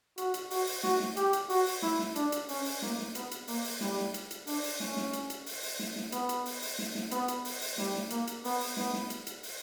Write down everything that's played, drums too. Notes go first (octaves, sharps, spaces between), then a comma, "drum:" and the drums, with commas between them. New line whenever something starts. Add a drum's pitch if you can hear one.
F#4, drum: hi-hat
drum: hi-hat
F#4, drum: open hi-hat
drum: open hi-hat
F#4, drum: snare
drum: snare
G4, drum: hi-hat
drum: hi-hat
F#4, drum: open hi-hat
drum: open hi-hat
E4, drum: snare
drum: snare
D4, drum: hi-hat
drum: hi-hat
C#4, drum: open hi-hat
drum: open hi-hat
A#3, drum: snare
drum: snare
B3, drum: hi-hat
drum: hi-hat
A#3, drum: open hi-hat
drum: open hi-hat
G3, drum: snare
drum: snare
drum: hi-hat
drum: hi-hat
D4, drum: open hi-hat
drum: open hi-hat
C#4, drum: snare
drum: snare
drum: hi-hat
drum: hi-hat
drum: open hi-hat
drum: open hi-hat
drum: snare
drum: snare
B3, drum: hi-hat
drum: hi-hat
drum: open hi-hat
drum: open hi-hat
drum: snare
drum: snare
B3, drum: hi-hat
drum: hi-hat
drum: open hi-hat
drum: open hi-hat
G3, drum: snare
drum: snare
A#3, drum: hi-hat
drum: hi-hat
B3, drum: open hi-hat
drum: open hi-hat
B3, drum: snare
drum: snare
drum: hi-hat
drum: hi-hat
drum: open hi-hat